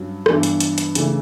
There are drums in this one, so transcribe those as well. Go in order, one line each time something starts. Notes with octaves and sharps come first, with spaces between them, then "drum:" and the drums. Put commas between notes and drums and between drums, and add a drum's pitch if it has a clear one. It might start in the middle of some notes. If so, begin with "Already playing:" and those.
Already playing: G2 F#3 C#4
G2 E3 B3 D4 F#4, drum: rim click
drum: hi-hat
drum: hi-hat
drum: hi-hat
C#3 E3 A3 D4, drum: hi-hat